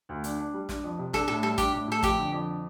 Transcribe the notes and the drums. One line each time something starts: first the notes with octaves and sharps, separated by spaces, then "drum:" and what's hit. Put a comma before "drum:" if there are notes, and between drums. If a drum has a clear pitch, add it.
D2
D4, drum: hi-hat
D4
G3
D4, drum: snare
F2
C3
D4 A4, drum: snare
A2 A4
G3 A4
D4 G4, drum: kick, hi-hat
A2
A2 A4
F2 G4, drum: kick, hi-hat
D3
F2